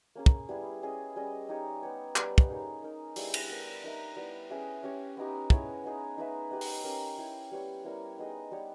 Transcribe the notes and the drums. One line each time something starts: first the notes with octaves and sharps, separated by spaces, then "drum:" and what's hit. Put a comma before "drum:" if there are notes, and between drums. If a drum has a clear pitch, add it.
A#3 C#4 G#4
drum: kick
G3 B3 E4 G#4
C#4 G#4 D#5
G3 C#4 G#4 D#5
D#4 G4 C#5
B3 G4 C#5
G3 B3 G4 B4, drum: clap
drum: kick
A#3 D#4 G#4 C#5
D#4 A#4 D#5
G3 B3 E4 G#4, drum: open hi-hat
drum: cymbal
B3 G4 A#4
D#4 A#4 E5
G3 B3 E4
C#4 G#4 B4 E5
C#4 G4 C#5
B3 D#4 G4
B3 E4 G#4 C#5, drum: kick
B3 D#4 G#4
D#4 G#4 B4 E5
B3 G4 B4 D#5
drum: open hi-hat
C#4 G4 A#4
E4 G4 C#5
G3 B3 G4 C#5
G3 B3 E4 A#4
B3 D#4 G#4 D#5
G3 B3 G4 C#5